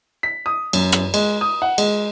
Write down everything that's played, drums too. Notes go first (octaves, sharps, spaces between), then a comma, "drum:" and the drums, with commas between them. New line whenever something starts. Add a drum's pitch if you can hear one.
B6
D#6
F#2, drum: cymbal
drum: rim click
G#3, drum: cymbal
D#6
F#5
G#3, drum: cymbal